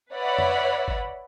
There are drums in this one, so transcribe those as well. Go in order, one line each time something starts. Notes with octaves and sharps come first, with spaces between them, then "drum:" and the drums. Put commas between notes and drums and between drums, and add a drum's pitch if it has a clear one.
B4 C#5 D5 E5 F#5 B5
drum: tom F2
drum: kick G1